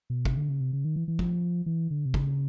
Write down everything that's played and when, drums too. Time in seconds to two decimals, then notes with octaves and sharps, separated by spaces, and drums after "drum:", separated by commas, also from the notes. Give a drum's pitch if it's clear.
0.10 B2
0.25 C3, drum: kick
0.37 D3
0.49 C#3
0.60 C3
0.73 C#3
0.85 D#3
0.96 E3
1.08 E3
1.19 F3, drum: kick
1.66 E3
1.90 D3
2.06 C3
2.14 C#3, drum: kick